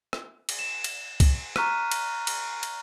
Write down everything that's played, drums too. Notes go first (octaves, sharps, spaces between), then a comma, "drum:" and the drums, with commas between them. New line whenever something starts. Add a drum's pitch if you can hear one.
drum: rim click
drum: cymbal
E7
drum: cymbal
drum: kick, cymbal
A#5 C#6 F6 F#6 B6 D#7, drum: rim click
drum: cymbal
drum: cymbal
drum: cymbal